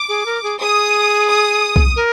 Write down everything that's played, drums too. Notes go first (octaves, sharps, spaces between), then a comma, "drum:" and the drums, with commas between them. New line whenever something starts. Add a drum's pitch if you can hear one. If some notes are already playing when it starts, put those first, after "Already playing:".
Already playing: D6
G#4
A#4
G#4
G#4 D#6
D#6
drum: kick
A#4